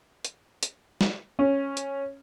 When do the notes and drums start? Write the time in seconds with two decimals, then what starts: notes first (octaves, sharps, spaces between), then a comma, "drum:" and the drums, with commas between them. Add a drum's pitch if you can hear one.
0.25 drum: hi-hat
0.63 drum: hi-hat
1.01 drum: snare
1.39 C#4
1.77 drum: hi-hat